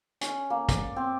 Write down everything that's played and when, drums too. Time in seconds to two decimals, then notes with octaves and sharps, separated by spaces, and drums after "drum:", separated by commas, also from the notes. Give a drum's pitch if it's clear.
0.21 C#4, drum: hi-hat
0.50 A#3
0.69 D5, drum: kick, hi-hat
0.96 C4